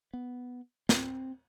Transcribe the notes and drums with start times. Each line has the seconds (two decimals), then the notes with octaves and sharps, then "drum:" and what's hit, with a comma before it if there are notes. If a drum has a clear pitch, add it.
0.13 B3
0.89 C4, drum: snare